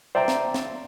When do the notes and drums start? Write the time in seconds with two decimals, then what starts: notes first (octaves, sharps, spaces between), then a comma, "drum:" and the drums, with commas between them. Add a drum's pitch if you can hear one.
0.15 C5 D5 E5 G5 A#5
0.28 drum: snare
0.54 drum: snare